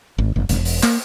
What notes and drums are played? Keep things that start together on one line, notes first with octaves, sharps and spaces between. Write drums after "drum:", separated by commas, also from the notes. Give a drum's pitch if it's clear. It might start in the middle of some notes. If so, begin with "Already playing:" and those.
G#1
F#1
E1, drum: hi-hat
drum: open hi-hat
A#3, drum: clap